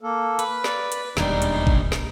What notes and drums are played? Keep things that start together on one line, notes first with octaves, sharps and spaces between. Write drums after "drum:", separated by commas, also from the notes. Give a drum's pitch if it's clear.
A#3 A4
B4 B5, drum: hi-hat
D5, drum: snare
drum: hi-hat
E1 D#2 A#2 G3 D4 D#4, drum: snare
drum: hi-hat
drum: kick G#1
drum: snare